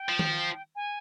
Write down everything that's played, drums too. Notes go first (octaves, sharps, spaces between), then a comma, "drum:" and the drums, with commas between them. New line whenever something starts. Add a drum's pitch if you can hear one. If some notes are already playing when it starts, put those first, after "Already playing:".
Already playing: G5
F3
drum: tom D#3
G#5